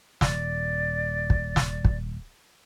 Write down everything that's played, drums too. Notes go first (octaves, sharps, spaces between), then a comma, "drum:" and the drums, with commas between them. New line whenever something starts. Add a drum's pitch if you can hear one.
D#1 D5, drum: snare
drum: kick
drum: snare
drum: kick